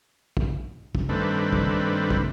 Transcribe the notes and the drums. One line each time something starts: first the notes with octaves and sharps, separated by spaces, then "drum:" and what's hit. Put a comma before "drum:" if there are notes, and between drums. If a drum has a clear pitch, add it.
drum: kick
drum: kick
G2 D#3 A3 C4 D4 B4
drum: kick
drum: kick